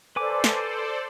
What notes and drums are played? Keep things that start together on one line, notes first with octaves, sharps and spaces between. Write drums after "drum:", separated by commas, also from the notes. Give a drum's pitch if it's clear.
A4 B4 C5 D5 G#5 D6
drum: snare